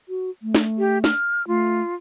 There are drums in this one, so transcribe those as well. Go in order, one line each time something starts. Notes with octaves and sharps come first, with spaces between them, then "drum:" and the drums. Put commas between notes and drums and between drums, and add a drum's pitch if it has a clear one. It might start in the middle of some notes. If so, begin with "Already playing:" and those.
F#4
A3
drum: snare
G4
F6, drum: snare
A3 F4